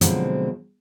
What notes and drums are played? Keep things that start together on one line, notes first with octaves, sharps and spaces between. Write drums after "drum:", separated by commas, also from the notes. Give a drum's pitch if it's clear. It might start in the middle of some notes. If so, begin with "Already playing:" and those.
B2 D3 F3 F#3 G#3 C4, drum: hi-hat